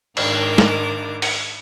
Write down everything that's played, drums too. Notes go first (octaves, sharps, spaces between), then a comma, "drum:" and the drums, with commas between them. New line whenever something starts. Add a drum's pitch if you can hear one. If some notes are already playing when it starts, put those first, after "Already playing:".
G#2 D#3 D4 A#4 D6, drum: cymbal
drum: snare
drum: open hi-hat